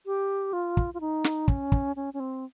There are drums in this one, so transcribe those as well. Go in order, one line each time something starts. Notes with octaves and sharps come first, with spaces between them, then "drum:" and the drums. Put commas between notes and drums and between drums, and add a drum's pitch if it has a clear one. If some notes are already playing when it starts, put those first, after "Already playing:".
G4
F4
drum: kick
F4
D#4
drum: snare
C#4, drum: kick
drum: kick
C#4
C#4
C4